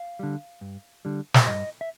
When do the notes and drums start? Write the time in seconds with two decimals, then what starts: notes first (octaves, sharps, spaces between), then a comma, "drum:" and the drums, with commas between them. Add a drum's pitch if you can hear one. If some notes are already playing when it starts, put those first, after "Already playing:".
Already playing: F5
0.19 D3 G3
0.61 G2
1.05 D3 G3
1.34 drum: snare
1.47 G2 D#5
1.81 E5